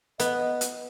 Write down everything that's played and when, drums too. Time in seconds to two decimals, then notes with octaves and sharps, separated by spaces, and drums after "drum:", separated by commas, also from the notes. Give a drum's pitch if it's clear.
0.20 B3 D#5, drum: hi-hat
0.61 drum: hi-hat